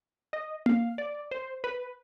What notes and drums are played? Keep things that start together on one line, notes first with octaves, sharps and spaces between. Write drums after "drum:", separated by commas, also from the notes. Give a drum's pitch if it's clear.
D#5
F5, drum: tom A#3
D5
C5
B4